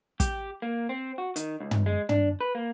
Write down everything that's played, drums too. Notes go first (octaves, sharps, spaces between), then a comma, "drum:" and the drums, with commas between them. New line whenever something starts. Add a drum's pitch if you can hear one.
G4, drum: kick, hi-hat
A#3
C4
F#4
D#3, drum: hi-hat
C#2
drum: tom
G#3
D4, drum: tom
B4
A#3